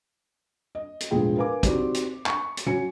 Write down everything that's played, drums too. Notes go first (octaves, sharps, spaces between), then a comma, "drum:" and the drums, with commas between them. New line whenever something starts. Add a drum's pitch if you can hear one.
D#5
drum: hi-hat
E1 A2 F3 G#3 G#4 G5
A#4 B4 F5 G#5 D6
C4 D#4 F#4 G4 C5 D5, drum: kick, hi-hat
drum: hi-hat
C#6, drum: clap
drum: hi-hat
F#3 C#4 G#5 C#7